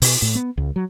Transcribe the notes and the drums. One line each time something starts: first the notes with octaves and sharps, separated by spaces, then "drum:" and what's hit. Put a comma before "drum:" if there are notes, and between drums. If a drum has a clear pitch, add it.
B2, drum: open hi-hat
A2
B3
C#2
F#3